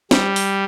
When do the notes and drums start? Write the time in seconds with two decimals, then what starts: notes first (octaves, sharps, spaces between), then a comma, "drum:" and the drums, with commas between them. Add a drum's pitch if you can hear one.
0.11 G3, drum: snare
0.36 drum: open hi-hat